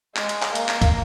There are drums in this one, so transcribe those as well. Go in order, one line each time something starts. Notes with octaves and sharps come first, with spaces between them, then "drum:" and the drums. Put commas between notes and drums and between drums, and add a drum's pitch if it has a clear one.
G#3, drum: clap
drum: hi-hat
drum: clap
A#3, drum: hi-hat
drum: clap
drum: kick, hi-hat